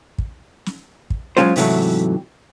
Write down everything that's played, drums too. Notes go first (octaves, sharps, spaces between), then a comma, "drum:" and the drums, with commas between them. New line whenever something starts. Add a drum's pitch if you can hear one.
drum: kick
drum: snare
drum: kick
F#3 G#3 C4 C#4 F4 C5, drum: snare
G#2 C3 E3 F#3 A3, drum: open hi-hat